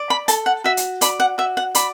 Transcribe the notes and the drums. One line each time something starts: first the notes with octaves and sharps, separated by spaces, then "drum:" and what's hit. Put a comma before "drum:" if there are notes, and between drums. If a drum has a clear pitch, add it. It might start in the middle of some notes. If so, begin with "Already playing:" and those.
Already playing: D5
B5
A4 A5, drum: hi-hat
F#5
F#4 E5
drum: hi-hat
D5 B5, drum: hi-hat
F#5
F#4 E5
F#5
D5 B5, drum: hi-hat